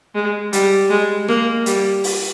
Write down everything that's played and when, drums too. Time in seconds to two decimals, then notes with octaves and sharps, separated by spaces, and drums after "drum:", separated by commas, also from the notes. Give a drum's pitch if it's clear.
0.15 G#3
0.53 G3, drum: hi-hat
0.90 G#3
1.28 A#3, drum: rim click
1.66 G3, drum: hi-hat
2.04 drum: open hi-hat